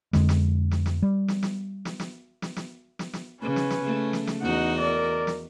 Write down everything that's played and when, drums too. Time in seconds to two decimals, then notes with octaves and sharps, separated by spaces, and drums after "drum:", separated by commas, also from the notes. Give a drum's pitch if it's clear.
0.13 F2 D3 G#3, drum: snare
0.29 drum: snare
0.71 drum: snare
0.86 drum: snare
1.02 G3
1.28 drum: snare
1.43 drum: snare
1.85 drum: snare
2.00 drum: snare
2.42 drum: snare
2.56 drum: snare
2.99 drum: snare
3.13 drum: snare
3.42 C#3 C#4 B4
3.56 drum: snare
3.70 drum: snare
3.82 C#3 A3
4.13 drum: snare
4.27 drum: snare
4.42 E2 D#4 F#4 D#5 F#5
4.79 A#4 D5
5.27 drum: snare